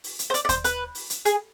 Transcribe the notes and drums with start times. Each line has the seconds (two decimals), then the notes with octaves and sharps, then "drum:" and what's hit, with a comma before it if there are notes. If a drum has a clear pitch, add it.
0.04 drum: open hi-hat
0.19 drum: hi-hat
0.30 C5
0.34 D5, drum: hi-hat
0.45 D5
0.49 C5, drum: kick D#2, hi-hat
0.64 B4, drum: hi-hat
0.95 drum: open hi-hat
1.10 drum: hi-hat
1.25 G#4, drum: hi-hat